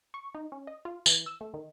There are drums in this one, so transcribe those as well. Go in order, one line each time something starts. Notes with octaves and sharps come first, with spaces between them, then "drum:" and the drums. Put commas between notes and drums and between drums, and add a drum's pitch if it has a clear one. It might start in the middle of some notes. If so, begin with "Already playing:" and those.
C#6
D#4
C#4
D#5
F4
E3, drum: tambourine
E6
A3
D#3